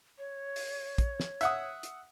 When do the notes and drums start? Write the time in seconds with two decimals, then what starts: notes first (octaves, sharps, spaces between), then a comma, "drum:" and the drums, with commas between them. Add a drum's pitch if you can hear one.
0.19 C#5
0.56 drum: open hi-hat
0.98 drum: kick, hi-hat
1.20 drum: snare
1.41 E5 F#5 D#6, drum: hi-hat
1.83 drum: hi-hat